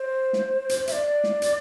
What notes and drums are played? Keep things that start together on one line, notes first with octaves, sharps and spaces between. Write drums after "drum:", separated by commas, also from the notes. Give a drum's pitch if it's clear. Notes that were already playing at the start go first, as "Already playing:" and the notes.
Already playing: C5
drum: snare
drum: hi-hat
E5, drum: hi-hat
D5
drum: snare
drum: hi-hat